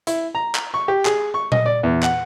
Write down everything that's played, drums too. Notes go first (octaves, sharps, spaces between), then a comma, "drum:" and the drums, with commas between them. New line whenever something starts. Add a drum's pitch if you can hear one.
E4, drum: hi-hat
A#5
drum: clap
C#6
G4
G#4, drum: clap
C#6
D#5, drum: tom A#2
D5
E2
F#5, drum: clap